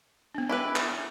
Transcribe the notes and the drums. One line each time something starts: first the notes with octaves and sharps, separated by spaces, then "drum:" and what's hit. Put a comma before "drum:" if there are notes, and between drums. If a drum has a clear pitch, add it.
B3 D4
E4 G4 B4
drum: clap